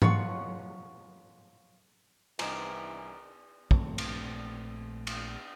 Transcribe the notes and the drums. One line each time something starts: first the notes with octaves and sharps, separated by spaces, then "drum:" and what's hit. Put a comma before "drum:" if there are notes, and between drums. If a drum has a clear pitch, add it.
F4 C#5 F#5 C#6, drum: tom G#2
C2 D#3 E3 C5 G#5 A#5 D6 D7, drum: cymbal
A#1 A3 C4, drum: kick
drum: cymbal
drum: cymbal